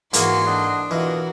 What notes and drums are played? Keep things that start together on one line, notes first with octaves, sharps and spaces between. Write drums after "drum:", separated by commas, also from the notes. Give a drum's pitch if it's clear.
G#2 E3 A#3 F#4 G#4 C6, drum: hi-hat
D4 A4 D#5 F#5
B2 E3 F4 F#4 A#4 D#5